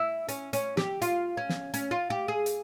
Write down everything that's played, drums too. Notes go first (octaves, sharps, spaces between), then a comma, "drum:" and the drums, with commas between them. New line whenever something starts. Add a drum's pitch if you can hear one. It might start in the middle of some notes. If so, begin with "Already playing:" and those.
Already playing: E4
C#4, drum: hi-hat
C#4, drum: hi-hat
G4, drum: snare
F4, drum: hi-hat
C#4
drum: snare
C#4, drum: hi-hat
F4
G4
G#4
drum: hi-hat